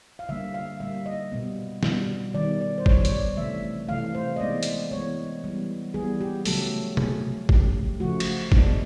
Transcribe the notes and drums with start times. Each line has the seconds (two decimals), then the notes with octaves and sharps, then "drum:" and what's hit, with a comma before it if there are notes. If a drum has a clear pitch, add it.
0.19 F5
0.29 D3 G3 A#3 E5
0.54 F5
0.80 D3 G3 A#3 E5
1.06 D#5
1.32 B2 G3 B3
1.83 B2 G3 B3, drum: snare
2.34 D#3 G3 B3 D5
2.61 D5
2.78 C5
2.86 D#3 G3 B3 C#5, drum: kick G1
3.05 C#5, drum: hi-hat
3.12 D5
3.37 C3 E3 A3 E5
3.88 C3 E3 A3 F5
4.15 C5
4.36 D#5
4.40 E3 G#3 B3 D5
4.63 drum: hi-hat
4.91 E3 G#3 B3 C#5
5.43 E3 G3 B3
5.94 E3 G3 B3 G#4
6.21 G4
6.45 C#3 F#3 A3 A4, drum: open hi-hat
6.97 C#3 F#3 A3 G#4, drum: tom B2
7.49 C#3 F3 A3 G4, drum: kick G1
8.00 C#3 F3 A3 F#4
8.20 drum: cymbal
8.52 B2 G#3 B3 D4, drum: kick G1